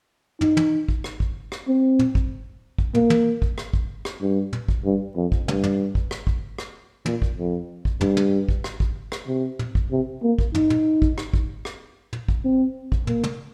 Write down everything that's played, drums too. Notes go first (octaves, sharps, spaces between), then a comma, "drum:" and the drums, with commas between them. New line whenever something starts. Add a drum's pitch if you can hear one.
D#4, drum: tom
drum: tom
drum: kick
drum: rim click
drum: kick
drum: rim click
C4
drum: tom
drum: kick
drum: kick
A#3, drum: tom
drum: tom
drum: kick
drum: rim click
drum: kick
drum: rim click
G2
drum: tom
drum: kick
G2
F2
drum: kick
G2, drum: tom
drum: tom
drum: kick
drum: rim click
drum: kick
drum: rim click
A#2, drum: tom
drum: kick
F2
drum: kick
G2, drum: tom
drum: tom
drum: kick
drum: rim click
drum: kick
drum: rim click
C3
drum: tom
drum: kick
C3
A#3
drum: kick
D#4, drum: tom
drum: tom
drum: kick
drum: rim click
drum: kick
drum: rim click
drum: tom
drum: kick
C4
drum: kick
A#3, drum: tom
drum: tom